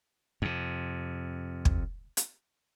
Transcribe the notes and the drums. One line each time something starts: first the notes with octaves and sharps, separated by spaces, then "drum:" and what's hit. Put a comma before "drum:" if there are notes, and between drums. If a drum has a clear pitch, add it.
F2 C3
drum: kick
drum: hi-hat